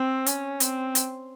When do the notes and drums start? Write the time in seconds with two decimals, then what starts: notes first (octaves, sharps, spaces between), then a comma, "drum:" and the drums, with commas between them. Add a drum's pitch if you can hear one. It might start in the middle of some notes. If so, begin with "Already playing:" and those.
Already playing: C4
0.26 C#4, drum: hi-hat
0.60 C4, drum: hi-hat
0.95 drum: hi-hat